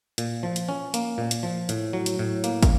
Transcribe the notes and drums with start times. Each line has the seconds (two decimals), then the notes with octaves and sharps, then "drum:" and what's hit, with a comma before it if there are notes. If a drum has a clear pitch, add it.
0.18 A#2, drum: hi-hat
0.43 F3
0.56 drum: hi-hat
0.69 C#4
0.94 A#3, drum: hi-hat
1.18 A#2
1.31 drum: hi-hat
1.43 F3
1.69 A2, drum: hi-hat
1.93 F#3
2.06 drum: hi-hat
2.19 A2
2.44 A#3, drum: hi-hat
2.63 drum: kick, hi-hat